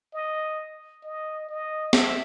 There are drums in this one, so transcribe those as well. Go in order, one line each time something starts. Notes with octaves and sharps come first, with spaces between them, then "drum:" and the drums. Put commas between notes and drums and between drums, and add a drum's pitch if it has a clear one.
D#5
D#5
D#5
E5, drum: snare